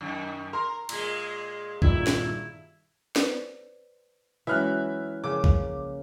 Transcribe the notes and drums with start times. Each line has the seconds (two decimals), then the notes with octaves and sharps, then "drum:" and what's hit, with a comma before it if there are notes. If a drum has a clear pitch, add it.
0.01 F#2 D#3
0.53 A#4 C6
0.89 A#2 G#3, drum: cymbal
1.82 G2 A#2 D#3 E4, drum: kick B1
2.07 drum: snare
3.16 B4 C5 D5, drum: snare
4.47 E3 F#3 G#3 C#4 F#4 E5 F6 F#6
5.24 C#3 F3 A#3 C#4 D6
5.44 drum: kick B1